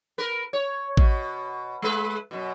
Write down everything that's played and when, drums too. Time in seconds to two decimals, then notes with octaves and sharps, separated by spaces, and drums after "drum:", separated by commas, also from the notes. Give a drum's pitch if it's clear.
0.18 A#4 B4
0.53 C#5
0.97 B2, drum: kick A1
1.82 G#3 B4
2.31 F#2 B2